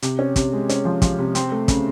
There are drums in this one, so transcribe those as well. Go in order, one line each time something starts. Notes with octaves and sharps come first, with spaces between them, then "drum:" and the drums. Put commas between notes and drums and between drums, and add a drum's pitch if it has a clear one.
C3, drum: hi-hat
C#4
C3, drum: kick, hi-hat
G#3
C#4, drum: hi-hat
F3
F3, drum: kick, hi-hat
C3
C4, drum: hi-hat
A3
C#3, drum: kick, hi-hat